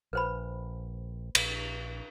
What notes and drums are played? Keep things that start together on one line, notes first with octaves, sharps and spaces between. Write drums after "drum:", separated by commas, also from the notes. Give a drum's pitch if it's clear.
A#1 B4 C5 B5
A#1, drum: cymbal